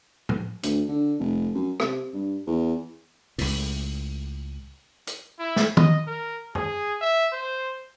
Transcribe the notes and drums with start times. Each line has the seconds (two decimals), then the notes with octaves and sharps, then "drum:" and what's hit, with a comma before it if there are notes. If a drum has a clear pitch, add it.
0.29 drum: tom
0.63 D2, drum: hi-hat
0.89 D3
1.19 F1
1.55 F#2
1.80 C3, drum: rim click
2.14 G2
2.47 E2
3.38 C#2 A2, drum: open hi-hat
5.07 drum: hi-hat
5.39 E4
5.56 drum: snare
5.77 D#5, drum: tom D#3
6.07 A#4
6.55 G#4, drum: tom
7.01 E5
7.32 C5